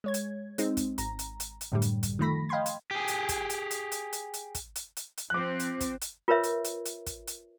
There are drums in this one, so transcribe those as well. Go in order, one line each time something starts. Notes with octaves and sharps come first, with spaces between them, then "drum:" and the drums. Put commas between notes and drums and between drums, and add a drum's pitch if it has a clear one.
G#3 C#5 G#6
drum: hi-hat
G#3 C4 D#4, drum: hi-hat
drum: kick, hi-hat
G#1 A#5, drum: hi-hat
drum: hi-hat
drum: hi-hat
drum: hi-hat
F#2 A2 D3 G3
drum: hi-hat
drum: kick, hi-hat
D#3 F3 A3 B5 A#6 B6
D#5 F5 G5 B5 C6 G#6
drum: hi-hat
G4 G#4
drum: hi-hat
drum: kick, hi-hat
drum: hi-hat
drum: hi-hat
drum: hi-hat
drum: hi-hat
drum: hi-hat
drum: kick, hi-hat
drum: hi-hat
drum: hi-hat
drum: hi-hat
F3 C4 D6 F#6
drum: hi-hat
drum: kick, hi-hat
drum: hi-hat
F4 A#4 B4 C#5 E5
drum: hi-hat
drum: hi-hat
drum: hi-hat
drum: kick, hi-hat
drum: hi-hat